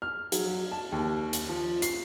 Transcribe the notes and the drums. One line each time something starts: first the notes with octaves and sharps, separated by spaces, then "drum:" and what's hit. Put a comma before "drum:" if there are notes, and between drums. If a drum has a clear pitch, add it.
F6
F#3, drum: hi-hat
A5
D#2
drum: hi-hat
F3
C7, drum: hi-hat